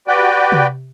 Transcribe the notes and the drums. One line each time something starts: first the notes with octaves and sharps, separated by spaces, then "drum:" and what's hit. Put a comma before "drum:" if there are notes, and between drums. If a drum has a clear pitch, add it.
F#4 G4 B4 D5 G5
drum: tom C3